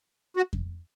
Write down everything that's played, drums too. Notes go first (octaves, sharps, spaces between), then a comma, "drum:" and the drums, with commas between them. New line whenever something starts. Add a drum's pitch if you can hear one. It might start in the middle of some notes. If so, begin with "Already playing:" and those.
F#4
drum: kick F2